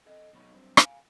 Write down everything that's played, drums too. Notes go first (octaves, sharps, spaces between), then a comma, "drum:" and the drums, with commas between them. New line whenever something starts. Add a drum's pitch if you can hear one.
A4 D#5
B2 F#3 A3 D#4 C#5 B5
G2 F#3 C4
F5 F#5 G#5, drum: rim click